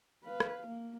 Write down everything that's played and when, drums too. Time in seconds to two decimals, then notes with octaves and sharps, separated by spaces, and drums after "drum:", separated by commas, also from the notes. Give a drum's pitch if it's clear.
0.25 B4 F5
0.40 drum: rim click
0.67 A#3